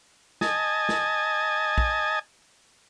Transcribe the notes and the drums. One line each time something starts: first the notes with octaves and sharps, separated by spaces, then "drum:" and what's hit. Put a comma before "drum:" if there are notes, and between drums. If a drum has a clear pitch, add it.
D#5 G#5 A5, drum: snare
drum: snare
drum: kick